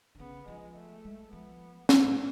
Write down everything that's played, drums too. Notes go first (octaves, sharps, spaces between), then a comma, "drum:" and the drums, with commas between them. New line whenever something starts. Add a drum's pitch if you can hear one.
D3
C#3 B3
F3 G#3
A3
G#3
F3 B3
F#3 A3, drum: snare
A2